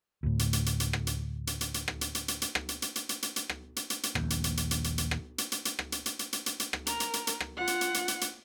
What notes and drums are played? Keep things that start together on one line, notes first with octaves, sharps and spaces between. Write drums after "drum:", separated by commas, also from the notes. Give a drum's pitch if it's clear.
D2 A2
drum: hi-hat
drum: hi-hat
drum: hi-hat
drum: hi-hat
drum: rim click
drum: hi-hat
drum: hi-hat
drum: hi-hat
drum: hi-hat
drum: rim click
drum: hi-hat
drum: hi-hat
drum: hi-hat
drum: hi-hat
drum: rim click
drum: hi-hat
drum: hi-hat
drum: hi-hat
drum: hi-hat
drum: hi-hat
drum: hi-hat
drum: rim click
drum: hi-hat
drum: hi-hat
drum: hi-hat
A#1 D#2, drum: rim click
drum: hi-hat
drum: hi-hat
drum: hi-hat
drum: hi-hat
drum: hi-hat
drum: hi-hat
drum: rim click
drum: hi-hat
drum: hi-hat
drum: hi-hat
drum: rim click
drum: hi-hat
drum: hi-hat
drum: hi-hat
drum: hi-hat
drum: hi-hat
drum: hi-hat
drum: rim click
A#4, drum: hi-hat
drum: hi-hat
drum: hi-hat
drum: hi-hat
drum: rim click
F4 F#5
drum: hi-hat
drum: hi-hat
drum: hi-hat
drum: hi-hat
drum: hi-hat